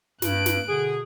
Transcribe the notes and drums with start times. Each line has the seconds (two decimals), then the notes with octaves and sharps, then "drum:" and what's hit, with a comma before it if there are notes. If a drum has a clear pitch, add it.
0.22 G2 F#6 D7, drum: snare
0.46 drum: snare
0.68 B2 D3 G#4